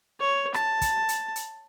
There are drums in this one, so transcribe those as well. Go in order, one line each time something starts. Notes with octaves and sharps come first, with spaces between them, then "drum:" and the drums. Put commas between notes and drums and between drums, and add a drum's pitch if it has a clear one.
C#5
A5, drum: rim click
drum: kick, hi-hat
drum: hi-hat
drum: hi-hat